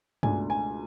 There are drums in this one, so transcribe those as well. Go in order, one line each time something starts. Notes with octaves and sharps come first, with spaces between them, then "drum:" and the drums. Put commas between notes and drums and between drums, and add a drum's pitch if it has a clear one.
C#2 B2 A3 D4 G#5, drum: tom G2
G#5